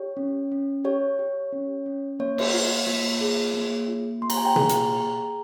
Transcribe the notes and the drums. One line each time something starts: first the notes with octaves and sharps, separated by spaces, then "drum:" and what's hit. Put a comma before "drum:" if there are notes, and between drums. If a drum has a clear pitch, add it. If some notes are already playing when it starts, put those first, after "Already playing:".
Already playing: G4 C#5
C#4
C#4
G4 C#5
G4
C#4
C#4
A#3 C#5
drum: cymbal
F4
A#3
G#4
A#3
F4
A#3 C6
A#5, drum: cymbal
G#5
G5 A#5
G#4, drum: tom B2
drum: hi-hat